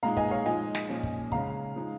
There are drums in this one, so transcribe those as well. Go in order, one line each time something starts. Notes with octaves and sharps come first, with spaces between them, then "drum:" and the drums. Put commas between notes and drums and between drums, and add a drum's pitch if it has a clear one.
A#2 G#3 D#4 F5 A#5
D#5 G#5, drum: kick
C#5 F5
F3 G#3 D#4 D#5 G#5
drum: snare
A#2 F3 C#4
drum: kick
C#3 G#3 C#4 F5 A#5, drum: kick
F3 G#3 D#4